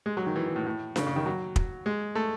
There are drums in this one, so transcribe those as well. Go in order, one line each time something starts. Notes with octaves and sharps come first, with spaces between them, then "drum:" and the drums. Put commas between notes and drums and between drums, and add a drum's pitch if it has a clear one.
G#3
F#3
D#3
E3
E3
A2
A2
C#3, drum: snare D4
C#3
D#3
F#3
drum: kick
G#3
A3